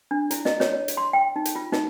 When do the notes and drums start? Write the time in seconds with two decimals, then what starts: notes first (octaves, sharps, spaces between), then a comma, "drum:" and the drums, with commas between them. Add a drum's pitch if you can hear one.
0.11 D4
0.31 E4, drum: hi-hat
0.45 D#5, drum: snare
0.60 C#5, drum: snare
0.73 C#5
0.88 drum: hi-hat
0.97 C6
1.13 G5
1.36 D#4
1.45 drum: hi-hat
1.55 F4
1.72 D#4, drum: snare